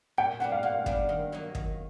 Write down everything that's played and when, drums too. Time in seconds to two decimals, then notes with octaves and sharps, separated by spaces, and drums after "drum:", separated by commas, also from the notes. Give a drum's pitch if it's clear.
0.18 A#2 G5
0.40 G3 B3 D4 F#5
0.52 F5
0.63 A#2 F#5
0.86 G3 B3 D4, drum: kick
1.09 D#3
1.32 F#3 A#3 D#4
1.55 D#3, drum: kick